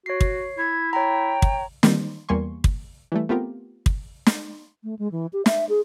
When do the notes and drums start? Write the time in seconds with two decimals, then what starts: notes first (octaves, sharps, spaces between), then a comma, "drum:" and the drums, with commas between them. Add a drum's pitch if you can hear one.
0.06 F#4 C#5 C7
0.21 drum: kick
0.58 E4 G#6
0.93 C#5 G5 A#5
1.42 drum: kick
1.83 D#3 E3 G3 A#3 C4, drum: snare
2.29 E2 G3 A#3 G#5 C6 C#6
2.64 drum: kick
3.12 E3 G3 A3
3.29 A3 B3 C4 F4 G4 A#4
3.86 drum: kick
4.26 drum: snare
4.84 A3
4.99 G#3
5.12 E3
5.33 G4
5.46 E5, drum: snare
5.69 G#4